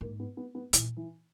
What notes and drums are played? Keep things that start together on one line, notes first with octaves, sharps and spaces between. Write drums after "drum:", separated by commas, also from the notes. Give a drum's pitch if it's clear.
G#2 A#3
B3
B3
B3
A#2 E3, drum: hi-hat
E3